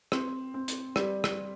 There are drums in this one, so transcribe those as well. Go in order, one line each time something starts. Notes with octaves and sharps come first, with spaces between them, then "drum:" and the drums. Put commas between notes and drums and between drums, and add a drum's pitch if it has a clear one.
C4, drum: rim click
C4
drum: hi-hat
G3, drum: rim click
drum: rim click